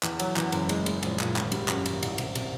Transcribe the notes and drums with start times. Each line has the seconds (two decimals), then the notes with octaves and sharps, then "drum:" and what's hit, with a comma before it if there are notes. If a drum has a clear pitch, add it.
0.03 E2, drum: clap
0.19 F#3, drum: cymbal
0.36 E2, drum: clap
0.52 F#1, drum: cymbal
0.69 G#3, drum: cymbal
0.86 G#3, drum: cymbal
1.03 A#1, drum: cymbal
1.19 A#2, drum: clap
1.36 G#1, drum: clap
1.52 G3, drum: cymbal
1.68 F#2, drum: clap
1.86 G#1, drum: cymbal
2.03 C2, drum: cymbal
2.18 C3, drum: cymbal
2.35 C3, drum: cymbal